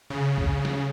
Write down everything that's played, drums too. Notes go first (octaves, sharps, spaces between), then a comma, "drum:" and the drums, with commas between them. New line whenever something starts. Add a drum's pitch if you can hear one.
C#3, drum: tom
drum: kick
drum: snare